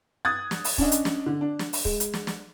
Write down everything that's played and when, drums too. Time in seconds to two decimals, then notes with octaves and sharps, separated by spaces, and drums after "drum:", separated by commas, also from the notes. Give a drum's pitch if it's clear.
0.25 D#6 F#6 G#6 A6
0.51 drum: snare
0.64 drum: open hi-hat
0.78 C#4 D4 D#5, drum: kick
0.92 drum: hi-hat
1.05 drum: snare
1.26 D3
1.41 D4
1.59 drum: snare
1.73 drum: open hi-hat
1.85 G#3, drum: kick
2.00 drum: hi-hat
2.14 drum: snare
2.27 drum: snare